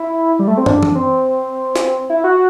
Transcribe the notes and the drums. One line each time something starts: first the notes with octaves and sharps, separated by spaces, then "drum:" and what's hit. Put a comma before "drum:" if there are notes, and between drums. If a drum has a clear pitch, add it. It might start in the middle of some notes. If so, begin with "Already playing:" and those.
Already playing: E4
G3
A3
C4
D4, drum: tom
drum: tom E3
C4
drum: snare
E4
F#4